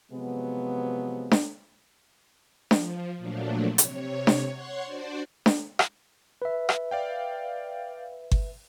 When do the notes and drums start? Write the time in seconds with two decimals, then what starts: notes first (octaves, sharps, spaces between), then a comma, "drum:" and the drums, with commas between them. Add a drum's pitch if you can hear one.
0.12 C3 F3 F#3 G#3 B3
1.31 drum: snare D4
2.71 F3, drum: snare D4
3.17 A#2 F3 F#3 A3 D4
3.78 C3 C#5, drum: hi-hat
4.27 drum: snare D4
4.50 C#5 F#5 C6 C#6
4.85 D4 F#4 C5 D5
5.46 drum: snare D4
5.79 drum: rim click
6.42 B4 E5
6.69 drum: rim click
6.91 D5 F5 G5
8.31 drum: kick G1